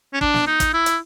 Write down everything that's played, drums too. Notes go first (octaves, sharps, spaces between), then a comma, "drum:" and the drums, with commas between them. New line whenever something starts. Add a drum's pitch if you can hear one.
C#4
D4, drum: kick
drum: snare
D#4
drum: kick, hi-hat
E4
drum: hi-hat